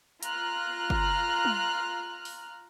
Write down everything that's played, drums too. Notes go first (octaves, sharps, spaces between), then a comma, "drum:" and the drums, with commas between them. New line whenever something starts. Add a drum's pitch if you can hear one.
F4 A#5 F6 F#6, drum: hi-hat
drum: kick G1
drum: tom
drum: open hi-hat